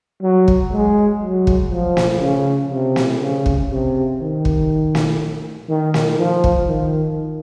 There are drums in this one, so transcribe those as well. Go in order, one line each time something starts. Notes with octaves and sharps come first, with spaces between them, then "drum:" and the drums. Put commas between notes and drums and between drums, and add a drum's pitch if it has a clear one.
F#3
drum: kick
G#3
F#3
drum: kick
F3
drum: snare
C#3
C3
drum: snare
C#3
drum: kick
C3
D#3
drum: kick
drum: snare
D#3
drum: snare
F3
drum: kick
D#3